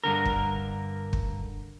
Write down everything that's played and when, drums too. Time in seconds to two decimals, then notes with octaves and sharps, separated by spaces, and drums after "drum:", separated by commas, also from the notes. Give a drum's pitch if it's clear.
0.04 G2 A#2 D3 A#4
0.25 drum: kick
1.13 drum: kick